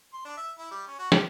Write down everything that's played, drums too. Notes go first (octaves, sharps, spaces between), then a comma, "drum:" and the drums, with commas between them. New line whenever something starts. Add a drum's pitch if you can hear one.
C6
D4
E5
E4
G3
C#4
F#4
G4, drum: snare